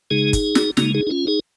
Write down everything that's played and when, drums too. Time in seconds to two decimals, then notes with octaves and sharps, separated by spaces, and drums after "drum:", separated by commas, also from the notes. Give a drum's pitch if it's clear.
0.11 C#3 G#3 D#4 G#4
0.33 drum: kick, hi-hat
0.55 drum: snare
0.77 C#3 G#3 A#3 D#4, drum: snare
0.94 D#4 G#4
1.07 D#4
1.10 C#4 F4
1.27 D#4 G#4